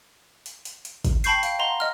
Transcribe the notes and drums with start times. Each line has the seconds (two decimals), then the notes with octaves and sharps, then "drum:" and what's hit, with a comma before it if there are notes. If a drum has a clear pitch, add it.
0.46 drum: hi-hat
0.65 drum: hi-hat
0.85 drum: hi-hat
1.05 drum: kick, hi-hat
1.24 G5 A5 B5 C#6 G6 C7, drum: hi-hat
1.43 F5 G5, drum: hi-hat
1.59 D#5 F5 F#5 A#5 C6
1.80 D#5 F6